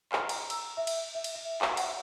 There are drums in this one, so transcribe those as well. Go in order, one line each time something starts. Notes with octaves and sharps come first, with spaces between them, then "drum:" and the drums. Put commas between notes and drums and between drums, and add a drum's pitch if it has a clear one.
F6, drum: clap
A#5, drum: cymbal
E6, drum: cymbal
E5
drum: cymbal
E5
drum: cymbal
E5
drum: clap
F#5, drum: cymbal